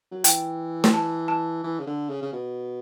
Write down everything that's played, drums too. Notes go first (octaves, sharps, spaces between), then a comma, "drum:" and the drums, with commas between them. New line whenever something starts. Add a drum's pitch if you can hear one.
F#3
E3 G5, drum: hi-hat
drum: snare
A5
A5
E3
C#3
D3
C#3
C#3
B2